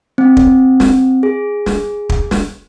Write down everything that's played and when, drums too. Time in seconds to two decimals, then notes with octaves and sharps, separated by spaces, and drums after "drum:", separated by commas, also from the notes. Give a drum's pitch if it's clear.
0.18 C4
0.37 drum: kick
0.80 drum: snare
1.23 G#4
1.66 drum: snare
2.09 drum: kick
2.31 drum: snare